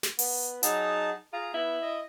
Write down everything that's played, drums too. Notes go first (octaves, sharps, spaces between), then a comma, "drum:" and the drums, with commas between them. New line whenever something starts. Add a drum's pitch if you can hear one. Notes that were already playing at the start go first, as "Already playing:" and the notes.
drum: snare
B3, drum: open hi-hat
F#3 D#4 G#4 A5, drum: hi-hat
F4 G#4 A#5
B3 E4
D#5